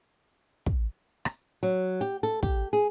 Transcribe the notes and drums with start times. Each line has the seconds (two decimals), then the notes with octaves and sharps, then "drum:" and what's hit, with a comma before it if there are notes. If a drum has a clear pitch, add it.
0.66 drum: kick
1.25 drum: rim click
1.63 F#3
2.01 G4
2.23 A4
2.43 G4, drum: kick
2.73 G#4